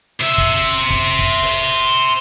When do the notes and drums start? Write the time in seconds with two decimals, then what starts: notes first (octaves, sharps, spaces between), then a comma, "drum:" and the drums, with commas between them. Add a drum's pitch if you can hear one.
0.21 C5 E5
0.38 drum: kick
0.90 drum: kick
1.19 drum: kick
1.42 drum: open hi-hat